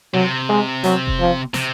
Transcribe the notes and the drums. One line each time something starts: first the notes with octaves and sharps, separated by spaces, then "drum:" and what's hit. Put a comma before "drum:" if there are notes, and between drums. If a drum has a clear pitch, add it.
C3 F#3
G#3
F#3, drum: snare
drum: kick F1
F3
C3, drum: snare